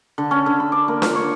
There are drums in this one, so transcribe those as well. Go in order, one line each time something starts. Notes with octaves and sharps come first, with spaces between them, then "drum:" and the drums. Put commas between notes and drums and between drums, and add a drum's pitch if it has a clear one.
D3
C#4
D3
B5
D5
A#3
F4, drum: snare D4
C#5